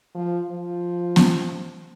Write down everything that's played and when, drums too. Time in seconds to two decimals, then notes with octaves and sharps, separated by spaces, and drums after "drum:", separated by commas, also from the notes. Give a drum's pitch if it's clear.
0.15 F3
0.49 F3
1.16 drum: snare B3